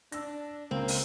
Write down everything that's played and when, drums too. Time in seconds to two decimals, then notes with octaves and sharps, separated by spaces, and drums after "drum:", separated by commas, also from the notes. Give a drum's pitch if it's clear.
0.12 D4 E6 A#6, drum: hi-hat
0.71 C#2 A#3 C4
0.88 drum: open hi-hat